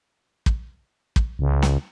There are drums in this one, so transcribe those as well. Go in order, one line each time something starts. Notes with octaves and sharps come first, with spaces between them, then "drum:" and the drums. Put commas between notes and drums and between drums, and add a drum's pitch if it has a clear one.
drum: kick
drum: kick
C#2
drum: snare